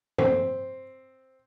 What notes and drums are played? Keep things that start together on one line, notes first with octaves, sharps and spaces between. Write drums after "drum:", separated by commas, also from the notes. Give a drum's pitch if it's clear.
C4, drum: tom